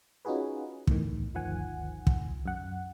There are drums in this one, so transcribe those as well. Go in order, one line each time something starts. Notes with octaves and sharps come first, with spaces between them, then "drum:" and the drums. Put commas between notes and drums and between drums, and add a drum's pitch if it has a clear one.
C#4 D#4 F4 F#4 G#4 B4
E2 A2 D#3, drum: kick
G1 D2 D#3 F3 F#5 G#5
drum: kick
F#2 F#5